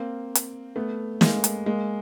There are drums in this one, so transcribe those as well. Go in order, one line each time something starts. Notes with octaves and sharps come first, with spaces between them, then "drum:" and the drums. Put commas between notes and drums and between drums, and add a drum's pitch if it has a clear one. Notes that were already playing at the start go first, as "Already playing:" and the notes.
Already playing: A#3 C4
drum: hi-hat
A3 B3
G#3 A#3, drum: snare
drum: hi-hat
G#3 A#3